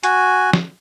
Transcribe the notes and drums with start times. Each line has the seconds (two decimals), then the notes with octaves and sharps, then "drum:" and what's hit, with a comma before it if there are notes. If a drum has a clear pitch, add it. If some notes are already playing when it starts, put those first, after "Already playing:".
0.03 F#4 G#5, drum: hi-hat
0.53 drum: snare